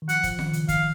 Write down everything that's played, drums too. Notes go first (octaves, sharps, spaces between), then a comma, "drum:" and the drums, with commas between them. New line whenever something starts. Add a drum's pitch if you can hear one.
D#3
F3 F#5, drum: hi-hat
F3, drum: kick, hi-hat
D#3, drum: snare F4
C#3, drum: hi-hat
F5, drum: kick, hi-hat